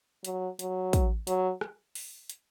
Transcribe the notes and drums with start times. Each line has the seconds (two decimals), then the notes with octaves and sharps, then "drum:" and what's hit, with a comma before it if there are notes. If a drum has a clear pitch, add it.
0.25 F#3, drum: hi-hat
0.59 F#3, drum: hi-hat
0.93 drum: kick, hi-hat
1.27 F#3, drum: hi-hat
1.61 drum: rim click
1.95 drum: open hi-hat
2.30 drum: hi-hat